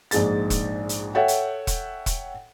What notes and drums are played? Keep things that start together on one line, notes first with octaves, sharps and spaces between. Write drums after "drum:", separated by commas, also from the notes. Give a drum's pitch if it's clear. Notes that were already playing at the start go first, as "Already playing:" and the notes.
A#1 G#2 G#3 A6, drum: hi-hat
drum: kick E1, hi-hat
drum: hi-hat
A4 C#5 E5 F#5 G5
drum: hi-hat
drum: kick E1, hi-hat
drum: kick E1, hi-hat